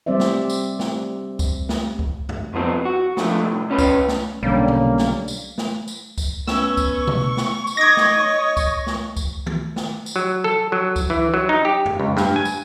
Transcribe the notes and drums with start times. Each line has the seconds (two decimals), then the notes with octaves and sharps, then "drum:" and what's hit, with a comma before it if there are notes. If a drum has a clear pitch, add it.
0.06 G3 C4 C5 D5 E5
0.20 drum: snare
0.50 drum: tambourine
0.79 drum: snare
1.39 drum: kick C#2, tambourine
1.69 drum: snare
1.99 drum: kick C#2
2.29 drum: tom F2
2.54 C2 F3 B3 C4
2.85 F#4
3.17 G#2 D3 F3 A3, drum: snare
3.40 C2 A2
3.69 C2 C#4 B4
3.78 drum: kick C#2, tambourine
4.08 drum: snare
4.43 B1 D3 G3 A#3 C#4
4.68 drum: tom B2
4.98 drum: snare
5.28 drum: tambourine
5.58 drum: snare
5.88 drum: tambourine
6.18 drum: kick C#2, tambourine
6.47 B3 C#4 C#6 E6, drum: snare
6.77 drum: kick C#2, tambourine
7.07 drum: tom B2
7.37 drum: snare
7.67 drum: tambourine
7.77 D#4 D#5 D6 G#6 A#6
7.97 drum: snare
8.20 C#5
8.57 drum: kick C#2, tambourine
8.87 drum: snare
9.17 drum: kick C#2, tambourine
9.46 drum: tom D#3
9.76 drum: snare
10.06 drum: tambourine
10.16 F#3
10.44 A4
10.72 F#3
10.96 drum: kick C#2, tambourine
11.10 E3
11.34 F#3
11.49 D#4
11.65 G4
11.86 drum: tom F2
12.00 C#2
12.17 G2, drum: snare
12.36 G#5
12.45 drum: tambourine